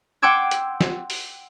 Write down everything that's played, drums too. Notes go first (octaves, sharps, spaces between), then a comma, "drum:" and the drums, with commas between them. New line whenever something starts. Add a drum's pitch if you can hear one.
F#5 G5 C6 D6 E6 G#6
drum: hi-hat
drum: snare
drum: open hi-hat